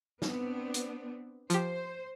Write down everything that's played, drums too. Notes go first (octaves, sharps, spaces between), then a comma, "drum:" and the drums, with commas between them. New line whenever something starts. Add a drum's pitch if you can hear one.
B3 C4 D4, drum: snare
drum: hi-hat
F3 G4 C5, drum: hi-hat